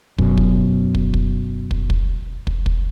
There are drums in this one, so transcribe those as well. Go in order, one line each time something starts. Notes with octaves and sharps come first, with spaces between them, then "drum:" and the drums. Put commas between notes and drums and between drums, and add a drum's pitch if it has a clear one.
F#2 B2, drum: kick
drum: kick
drum: kick
drum: kick
drum: kick
drum: kick
drum: kick
drum: kick